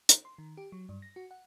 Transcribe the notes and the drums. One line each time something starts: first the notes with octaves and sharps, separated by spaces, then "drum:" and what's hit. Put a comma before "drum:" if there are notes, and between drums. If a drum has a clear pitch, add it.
drum: hi-hat
C6
D#3
G4
F#3
G2
A#6
F#4
F#5